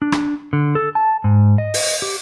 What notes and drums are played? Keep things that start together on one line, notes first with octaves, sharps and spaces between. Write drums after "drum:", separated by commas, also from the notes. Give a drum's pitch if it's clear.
D4
drum: rim click
D3
A4
A5
G#2
D#5
drum: open hi-hat
G4